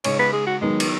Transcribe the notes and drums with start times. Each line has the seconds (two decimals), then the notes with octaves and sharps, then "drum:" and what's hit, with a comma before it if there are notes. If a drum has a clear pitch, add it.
0.04 C#3 G#3 D#4 C#5, drum: cymbal
0.19 B4
0.33 G#4
0.46 F#4
0.61 D#3 F#3 G#3 B3 D#4
0.80 drum: cymbal